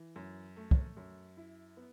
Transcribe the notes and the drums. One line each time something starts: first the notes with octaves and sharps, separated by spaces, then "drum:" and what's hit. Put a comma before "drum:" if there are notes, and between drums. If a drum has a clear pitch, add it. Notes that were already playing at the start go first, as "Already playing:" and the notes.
Already playing: E3
F#2
A3
drum: kick
F#2
E4
B3